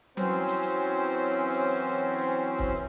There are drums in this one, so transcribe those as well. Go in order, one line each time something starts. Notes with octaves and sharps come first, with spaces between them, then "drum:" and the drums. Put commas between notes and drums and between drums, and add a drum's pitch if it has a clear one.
E3 F#3 C4 C#4 C5, drum: tom F#3
drum: hi-hat
drum: hi-hat
drum: kick C#1